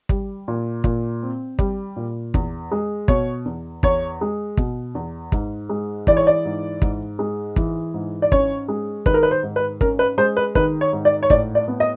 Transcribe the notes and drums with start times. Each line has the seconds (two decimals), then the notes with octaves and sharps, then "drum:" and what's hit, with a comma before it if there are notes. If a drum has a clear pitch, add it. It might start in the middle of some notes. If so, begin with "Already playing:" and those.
0.09 G3, drum: kick
0.48 A#2
0.84 A#2, drum: kick
1.22 C4
1.59 G3, drum: kick
1.96 A#2
2.34 E2, drum: kick
2.72 G#3
3.08 B2 C#5, drum: kick
3.45 E2
3.83 E2 C#5, drum: kick
4.21 G#3
4.57 B2, drum: kick
4.95 E2
5.32 G#2, drum: kick
5.69 G#3
6.07 E3 D5, drum: kick
6.17 C#5
6.27 D5
6.45 G#2
6.82 G#2, drum: kick
7.19 G#3
7.56 E3, drum: kick
7.94 G#2
8.22 D5
8.32 C#4 C#5, drum: kick
8.68 G#3
9.06 D#3 B4, drum: kick
9.14 A#4
9.23 B4
9.31 C5
9.43 G#2
9.56 B4
9.81 C#4 A#4, drum: kick
9.99 B4
10.18 G#3 C5
10.37 B4
10.55 D#3 B4, drum: kick
10.81 C#5
10.93 G#2
11.05 D5
11.23 C#5
11.30 A2 D5, drum: kick
11.55 D5
11.68 B3
11.80 D#5